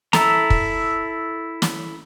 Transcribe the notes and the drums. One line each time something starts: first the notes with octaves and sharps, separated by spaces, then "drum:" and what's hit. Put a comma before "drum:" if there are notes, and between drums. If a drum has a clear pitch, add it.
E4 A4 A#5, drum: snare
drum: kick
drum: snare